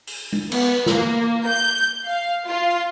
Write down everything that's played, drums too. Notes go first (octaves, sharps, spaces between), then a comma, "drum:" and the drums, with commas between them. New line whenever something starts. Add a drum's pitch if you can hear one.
drum: open hi-hat
drum: tom G#3
B3, drum: cymbal
A#3, drum: snare
G6
F5
F4